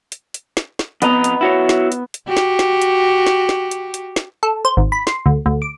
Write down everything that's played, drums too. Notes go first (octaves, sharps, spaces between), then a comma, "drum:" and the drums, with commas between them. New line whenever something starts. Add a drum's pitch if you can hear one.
drum: hi-hat
drum: hi-hat
drum: snare
drum: snare
F2 B3 D#5 A#5, drum: hi-hat
drum: hi-hat
E4 F#4 C#5
drum: snare
drum: hi-hat
drum: hi-hat
F#4 G4
drum: snare
drum: snare
drum: hi-hat
drum: snare
drum: snare
drum: hi-hat
drum: hi-hat
drum: snare
A4
C5
G#1
B5
C6, drum: snare
D2
D2
D6